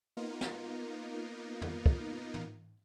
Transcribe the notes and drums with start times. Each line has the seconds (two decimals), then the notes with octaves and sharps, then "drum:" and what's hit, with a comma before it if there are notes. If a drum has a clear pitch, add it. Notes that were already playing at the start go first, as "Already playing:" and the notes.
0.17 A#3 B3 D#4 F4 A#4
0.41 drum: snare
1.62 drum: tom
1.86 drum: kick
2.34 drum: tom